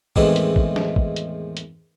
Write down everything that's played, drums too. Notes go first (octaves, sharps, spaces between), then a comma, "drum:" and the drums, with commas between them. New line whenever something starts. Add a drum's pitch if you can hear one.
E2 A2 D#3 E3 G#3 C4, drum: kick
drum: hi-hat
drum: kick
drum: snare
drum: kick
drum: hi-hat
drum: hi-hat